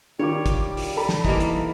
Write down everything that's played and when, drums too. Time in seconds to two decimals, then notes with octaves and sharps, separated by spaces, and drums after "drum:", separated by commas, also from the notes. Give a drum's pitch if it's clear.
0.19 D#3 G3 F4 C#5 D6
0.46 drum: kick, hi-hat
0.77 drum: open hi-hat
0.97 A4 A#5 B5
1.09 drum: snare
1.25 E3 G3 A#3 D#4, drum: kick
1.40 drum: hi-hat